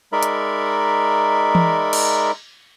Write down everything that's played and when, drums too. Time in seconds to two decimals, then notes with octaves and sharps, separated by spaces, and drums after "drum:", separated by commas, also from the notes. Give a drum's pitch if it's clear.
0.12 G#3 D#4 A#4 D5 E5 B5
0.23 drum: hi-hat
1.55 drum: tom E3
1.93 drum: cymbal